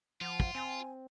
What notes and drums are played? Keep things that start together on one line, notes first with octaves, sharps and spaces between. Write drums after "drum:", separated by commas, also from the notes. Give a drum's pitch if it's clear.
F3 F4 F#5
drum: kick
C4 G#5